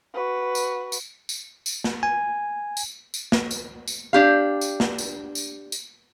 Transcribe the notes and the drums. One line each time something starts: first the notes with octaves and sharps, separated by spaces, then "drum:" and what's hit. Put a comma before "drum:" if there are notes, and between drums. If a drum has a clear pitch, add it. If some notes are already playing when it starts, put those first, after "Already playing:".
F#4 B4
drum: tambourine
drum: tambourine
drum: tambourine
drum: tambourine
drum: snare
G#5
drum: tambourine
drum: tambourine
drum: snare
drum: tambourine
drum: tambourine
D4 G4 F5
drum: tambourine
drum: snare
drum: tambourine
drum: tambourine
drum: tambourine